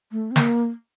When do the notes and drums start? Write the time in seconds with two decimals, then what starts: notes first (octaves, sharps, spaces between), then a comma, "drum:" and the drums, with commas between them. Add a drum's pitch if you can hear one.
0.12 A3
0.31 C4
0.36 A#3, drum: snare